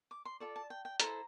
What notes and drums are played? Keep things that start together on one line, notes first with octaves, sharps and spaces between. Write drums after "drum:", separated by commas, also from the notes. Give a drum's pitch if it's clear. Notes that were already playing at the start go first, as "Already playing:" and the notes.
D6
C6
F4 A4 D5
A5
G5
G5
E4 A4 C5 A#5, drum: hi-hat